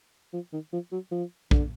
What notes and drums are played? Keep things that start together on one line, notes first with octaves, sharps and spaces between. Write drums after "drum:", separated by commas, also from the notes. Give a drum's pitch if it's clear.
F3
D#3
F3
F#3
F3
D3, drum: kick A#1